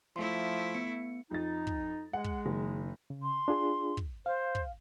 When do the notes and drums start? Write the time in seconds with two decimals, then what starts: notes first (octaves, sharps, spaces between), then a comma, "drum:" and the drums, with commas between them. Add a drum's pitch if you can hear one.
0.16 F3 A3 E4 C6
0.75 B3 C#7
1.31 F2 D#4 A6
1.67 drum: kick
2.13 G#3 F#5
2.24 drum: kick
2.46 F#1 D#3
3.10 C#3
3.23 C6
3.48 D4 F4 G#4
3.97 drum: kick
4.26 C5 F5
4.55 drum: kick